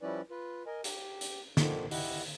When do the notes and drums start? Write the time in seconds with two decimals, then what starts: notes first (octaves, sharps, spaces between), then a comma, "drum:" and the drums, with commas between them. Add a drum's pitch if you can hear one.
0.02 F3 G3 C#4 E4 B4 D5
0.31 F4 B4
0.66 A#4 D#5 G#5
0.84 G4, drum: hi-hat
1.21 drum: hi-hat
1.57 D3 D#3 F3 A#3, drum: snare
1.91 E4 G4 D#5 F#5, drum: open hi-hat